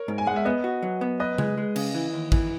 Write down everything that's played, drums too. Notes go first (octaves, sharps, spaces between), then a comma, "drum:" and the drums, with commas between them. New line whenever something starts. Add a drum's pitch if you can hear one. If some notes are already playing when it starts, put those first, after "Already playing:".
Already playing: A#4 C#5
G#2
G#5
G#3 F#5
E5
B3 B4 D#5
F#4
F#3
B3
F#2 B4 D#5
G#3, drum: tom C#3
G#3
C#3, drum: cymbal
E3
D#2
E3, drum: kick